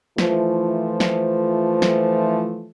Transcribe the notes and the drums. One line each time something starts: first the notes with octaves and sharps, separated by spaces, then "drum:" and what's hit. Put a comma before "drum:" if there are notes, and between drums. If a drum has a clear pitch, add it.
E3 F3 A3, drum: snare
drum: snare
drum: snare